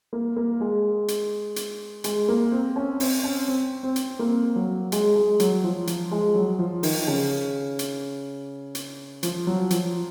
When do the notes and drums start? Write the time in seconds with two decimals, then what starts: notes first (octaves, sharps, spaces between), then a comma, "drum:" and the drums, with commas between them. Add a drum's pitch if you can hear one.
0.13 A#3
0.36 A#3
0.60 G#3
1.08 drum: hi-hat
1.56 drum: hi-hat
2.04 G#3, drum: hi-hat
2.29 A#3
2.52 C4
2.76 C#4
3.00 C4, drum: open hi-hat
3.24 C#4
3.48 C4
3.83 C4
3.96 drum: hi-hat
4.19 A#3
4.56 F#3
4.92 G#3, drum: hi-hat
5.16 G#3
5.40 F#3, drum: hi-hat
5.64 F3
5.87 F3, drum: hi-hat
6.11 G#3
6.35 F#3
6.59 F3
6.83 D#3, drum: open hi-hat
7.07 C#3
7.79 drum: hi-hat
8.75 drum: hi-hat
9.23 F3, drum: hi-hat
9.47 F#3
9.70 F3, drum: hi-hat